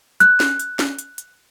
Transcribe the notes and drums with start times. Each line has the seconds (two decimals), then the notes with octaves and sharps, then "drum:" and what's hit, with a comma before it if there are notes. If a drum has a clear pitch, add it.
0.20 F#6, drum: hi-hat
0.40 drum: snare C#4
0.59 drum: hi-hat
0.79 drum: snare C#4
0.99 drum: hi-hat
1.18 drum: hi-hat